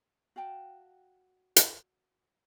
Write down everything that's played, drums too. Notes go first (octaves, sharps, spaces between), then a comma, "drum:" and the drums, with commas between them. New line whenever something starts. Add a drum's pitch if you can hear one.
F#4 F5 G5 A5
drum: hi-hat